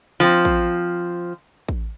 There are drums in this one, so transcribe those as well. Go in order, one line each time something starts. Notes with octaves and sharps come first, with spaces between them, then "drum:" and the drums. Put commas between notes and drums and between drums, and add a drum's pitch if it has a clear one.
F3 C4
drum: kick A1
drum: kick A1